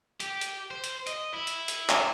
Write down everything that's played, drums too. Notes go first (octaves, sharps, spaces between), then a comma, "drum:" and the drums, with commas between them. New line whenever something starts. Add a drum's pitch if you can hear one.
G4, drum: hi-hat
drum: hi-hat
C5
drum: hi-hat
D#5, drum: hi-hat
E4
drum: hi-hat
drum: hi-hat
drum: clap